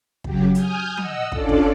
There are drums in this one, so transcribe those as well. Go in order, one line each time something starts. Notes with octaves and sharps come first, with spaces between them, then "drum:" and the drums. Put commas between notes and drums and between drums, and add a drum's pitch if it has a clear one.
F#2 C#3 F#3 G4, drum: kick
G#5 D#6 F6 G6, drum: hi-hat
D#5 F#5 E6, drum: tom F3
C#4 D4 F4 A4 D5, drum: kick
drum: kick